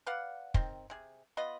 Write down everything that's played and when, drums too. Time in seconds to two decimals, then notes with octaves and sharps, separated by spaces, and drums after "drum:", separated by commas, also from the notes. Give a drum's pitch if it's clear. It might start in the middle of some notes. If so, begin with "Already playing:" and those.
0.06 B4 D5 F5 F#5
0.54 D#3 C4, drum: kick
0.90 C3 G#4
1.37 B3 F4 D#5 B5